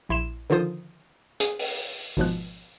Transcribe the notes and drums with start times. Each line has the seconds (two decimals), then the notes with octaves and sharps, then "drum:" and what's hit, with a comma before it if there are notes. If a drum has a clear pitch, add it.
0.09 A#1 E4 C6 E7
0.50 D3 D#3 F3 F4 C5 D#6
1.40 G#4, drum: hi-hat
1.59 drum: open hi-hat
2.17 G#1 G#2 B2 F3 F#6